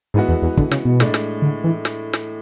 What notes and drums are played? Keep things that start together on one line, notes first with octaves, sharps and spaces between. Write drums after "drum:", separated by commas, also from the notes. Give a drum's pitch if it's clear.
G#2 E3 G#3 B3 F#4
E2
E2
D3, drum: kick
C#3, drum: snare
B2
A2 G#3 D4, drum: snare
drum: snare
D3
E3
drum: snare
drum: snare